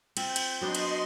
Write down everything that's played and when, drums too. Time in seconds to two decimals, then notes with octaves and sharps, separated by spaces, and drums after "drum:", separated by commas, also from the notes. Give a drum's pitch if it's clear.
0.17 C4 F4 G6, drum: cymbal
0.36 drum: cymbal
0.61 F#3 B3 D4 D#5 C6
0.75 drum: cymbal